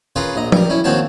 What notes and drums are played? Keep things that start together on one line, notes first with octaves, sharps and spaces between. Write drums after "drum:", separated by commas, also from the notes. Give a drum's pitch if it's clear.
C#4 F4 G#4 A#4 B4
A#1 D#5 A#5
G3 A#4, drum: tom F3
C#4 E4
D#2 F3 C4 F#4 C#5 A5